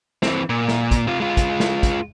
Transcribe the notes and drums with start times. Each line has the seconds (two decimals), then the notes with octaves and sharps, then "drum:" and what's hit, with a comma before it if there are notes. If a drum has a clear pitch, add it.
0.23 E3 C4, drum: snare
0.50 A#2
0.68 drum: snare
0.91 drum: kick, hi-hat
1.07 C3 F4
1.20 G#3 F4
1.37 drum: kick, hi-hat
1.60 drum: snare
1.83 drum: kick, hi-hat